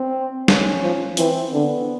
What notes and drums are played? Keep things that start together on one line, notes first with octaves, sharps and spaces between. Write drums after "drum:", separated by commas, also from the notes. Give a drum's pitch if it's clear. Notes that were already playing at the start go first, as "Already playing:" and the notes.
Already playing: C4
C#4, drum: snare
F3
E3 C4, drum: hi-hat
D3 B3